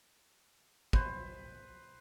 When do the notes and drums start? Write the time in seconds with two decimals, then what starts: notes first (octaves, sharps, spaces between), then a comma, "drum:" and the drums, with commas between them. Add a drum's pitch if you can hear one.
0.93 B4 C5, drum: kick